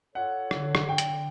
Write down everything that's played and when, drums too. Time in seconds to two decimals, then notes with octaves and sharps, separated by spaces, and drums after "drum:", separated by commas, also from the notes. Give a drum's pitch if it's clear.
0.15 F4 A4 C#5 F#5
0.51 D3, drum: rim click
0.75 drum: rim click
0.89 G5
0.98 drum: hi-hat